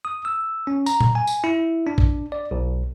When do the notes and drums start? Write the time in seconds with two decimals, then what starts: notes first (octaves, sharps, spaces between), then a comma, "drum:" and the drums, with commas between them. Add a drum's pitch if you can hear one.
0.05 D#6
0.25 E6
0.67 C#4
0.86 A#5, drum: tambourine
1.01 drum: tom A#2
1.15 G#5
1.27 drum: tambourine
1.44 E4
1.87 D4
1.98 drum: kick A1
2.32 D5
2.51 B1